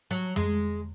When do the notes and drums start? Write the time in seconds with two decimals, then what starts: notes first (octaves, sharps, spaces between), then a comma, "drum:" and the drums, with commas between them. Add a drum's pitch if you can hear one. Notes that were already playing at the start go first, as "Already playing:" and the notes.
0.11 F#3
0.36 G#3, drum: tom F2